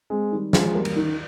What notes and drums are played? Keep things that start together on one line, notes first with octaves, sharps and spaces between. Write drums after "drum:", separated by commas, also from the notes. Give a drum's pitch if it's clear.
G#3 C4
D#3 G3
F3 G#3, drum: snare
G3 A#3
drum: cymbal
D#3